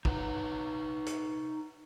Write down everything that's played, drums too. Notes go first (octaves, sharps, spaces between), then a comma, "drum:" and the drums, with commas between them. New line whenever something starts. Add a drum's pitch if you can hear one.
D#4 B4 F#5, drum: kick
drum: hi-hat